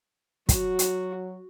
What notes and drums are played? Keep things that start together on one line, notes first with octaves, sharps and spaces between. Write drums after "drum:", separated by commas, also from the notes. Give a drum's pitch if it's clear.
F#3 F#4, drum: kick, hi-hat
drum: hi-hat